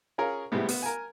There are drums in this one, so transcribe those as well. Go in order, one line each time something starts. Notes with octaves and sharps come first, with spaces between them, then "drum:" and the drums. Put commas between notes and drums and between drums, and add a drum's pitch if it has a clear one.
C#4 F4 G#4 A#4 C#5
A2 C3 G3 G#3 B3
B3, drum: open hi-hat
A#4 G#5